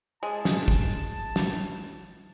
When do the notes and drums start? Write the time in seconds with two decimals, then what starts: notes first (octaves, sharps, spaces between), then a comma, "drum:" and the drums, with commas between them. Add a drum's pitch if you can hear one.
0.23 G#3 A5
0.45 drum: snare
0.68 drum: kick
1.36 drum: snare